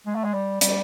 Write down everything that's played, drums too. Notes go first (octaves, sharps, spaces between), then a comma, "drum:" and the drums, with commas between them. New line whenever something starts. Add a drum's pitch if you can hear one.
G#3
A3
G#3
G3
G3, drum: hi-hat